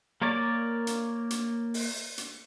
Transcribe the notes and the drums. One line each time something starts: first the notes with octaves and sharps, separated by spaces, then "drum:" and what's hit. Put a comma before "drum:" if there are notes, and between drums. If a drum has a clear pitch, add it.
A#3 A#4 C#5 D5
drum: hi-hat
drum: hi-hat
drum: open hi-hat
drum: hi-hat